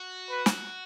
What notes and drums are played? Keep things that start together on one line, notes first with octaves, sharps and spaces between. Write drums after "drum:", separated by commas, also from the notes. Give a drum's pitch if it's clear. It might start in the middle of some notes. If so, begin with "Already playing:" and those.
Already playing: F#4
B4
drum: snare